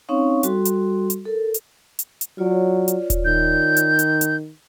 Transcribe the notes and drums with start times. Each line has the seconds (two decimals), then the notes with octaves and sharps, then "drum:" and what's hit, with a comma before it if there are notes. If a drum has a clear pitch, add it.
0.09 C4 C#4 D#4 C#5 F5 C#6
0.43 G3 F#4 A4 C6, drum: hi-hat
0.65 drum: hi-hat
1.10 drum: hi-hat
1.26 A4 A#4
1.54 drum: hi-hat
1.99 drum: hi-hat
2.21 drum: hi-hat
2.38 F#3 F4 C#5 D5
2.88 drum: hi-hat
3.10 drum: kick D#1, hi-hat
3.25 D#3 G6
3.77 drum: hi-hat
3.99 drum: hi-hat
4.21 drum: hi-hat